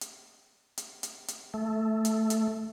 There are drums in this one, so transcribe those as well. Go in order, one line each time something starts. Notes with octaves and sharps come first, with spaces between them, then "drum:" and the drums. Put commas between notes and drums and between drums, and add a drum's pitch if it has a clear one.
drum: hi-hat
drum: hi-hat
drum: hi-hat
drum: hi-hat
A3
drum: hi-hat
drum: hi-hat